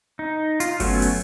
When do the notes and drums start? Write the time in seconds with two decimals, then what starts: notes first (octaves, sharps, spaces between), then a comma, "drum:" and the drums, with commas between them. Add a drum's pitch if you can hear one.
0.19 D#4
0.60 F4, drum: hi-hat
0.80 F#3 A3 B3 C#4, drum: kick G1, open hi-hat
1.02 drum: open hi-hat